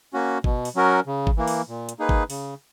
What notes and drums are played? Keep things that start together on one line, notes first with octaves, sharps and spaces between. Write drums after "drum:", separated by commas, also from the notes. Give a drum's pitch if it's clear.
A#3 C#4 F#4
B2, drum: kick G1
drum: open hi-hat
F#3 C#4 F#4 A#4
C#3
drum: kick G1
E3 A#3
drum: open hi-hat
A#2
drum: hi-hat
A#3 D#4 G#4 B4
drum: kick G1
C#3, drum: open hi-hat